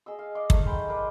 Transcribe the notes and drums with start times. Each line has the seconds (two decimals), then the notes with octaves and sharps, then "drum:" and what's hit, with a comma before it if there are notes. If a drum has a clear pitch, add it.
0.06 G#4 D#5 E6
0.19 F5
0.35 D5 D#5 F5
0.50 A3 D#4 D#6, drum: kick
0.66 G#4 C5 G5 B5
0.88 D#4 A#4 B4 D5